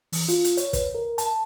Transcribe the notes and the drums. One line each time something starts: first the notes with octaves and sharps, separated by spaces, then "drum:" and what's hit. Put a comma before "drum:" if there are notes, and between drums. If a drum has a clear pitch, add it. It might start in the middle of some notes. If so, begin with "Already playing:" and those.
E3, drum: open hi-hat
F4, drum: hi-hat
drum: hi-hat
C#5, drum: hi-hat
B4, drum: kick, hi-hat
A#4
A5, drum: hi-hat